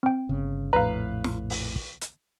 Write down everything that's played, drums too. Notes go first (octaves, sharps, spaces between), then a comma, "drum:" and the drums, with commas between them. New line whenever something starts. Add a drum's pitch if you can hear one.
C4 G5
G1 C#3
A#1 F2 A2 B4 F5 A#5
drum: snare
drum: open hi-hat
drum: kick
drum: hi-hat